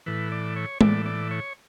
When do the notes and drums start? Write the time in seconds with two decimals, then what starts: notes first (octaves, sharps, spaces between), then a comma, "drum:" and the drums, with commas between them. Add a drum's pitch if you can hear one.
0.06 A2 E3 B4
0.32 D5
0.56 C#5
0.81 A2 E3 D5, drum: tom G#3
1.06 D5
1.31 C#5